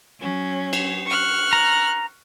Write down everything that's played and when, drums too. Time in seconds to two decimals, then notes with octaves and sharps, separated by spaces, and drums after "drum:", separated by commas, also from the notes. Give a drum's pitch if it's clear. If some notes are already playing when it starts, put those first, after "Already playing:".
0.20 F#3 C#4
0.73 drum: cymbal
1.07 C#6 F6 F#6
1.53 A#5